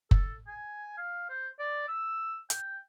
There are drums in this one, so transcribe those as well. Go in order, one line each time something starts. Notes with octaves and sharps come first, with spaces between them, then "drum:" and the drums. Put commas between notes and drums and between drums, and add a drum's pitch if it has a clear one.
A4, drum: kick F#1
G#5
F5
C5
D5
E6
G5, drum: hi-hat